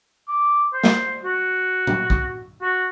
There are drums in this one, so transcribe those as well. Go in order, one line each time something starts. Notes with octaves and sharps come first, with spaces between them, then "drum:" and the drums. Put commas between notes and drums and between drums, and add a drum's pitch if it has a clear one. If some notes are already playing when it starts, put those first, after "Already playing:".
D6
C5
drum: snare
F#4
drum: tom A#2
drum: kick
F#4